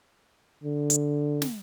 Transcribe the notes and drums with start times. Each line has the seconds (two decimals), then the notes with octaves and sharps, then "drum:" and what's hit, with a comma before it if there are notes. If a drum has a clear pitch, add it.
0.64 D3
0.90 drum: hi-hat
1.42 drum: snare